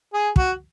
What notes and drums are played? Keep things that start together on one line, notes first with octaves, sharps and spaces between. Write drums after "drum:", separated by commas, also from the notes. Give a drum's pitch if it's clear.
G#4
F#4, drum: kick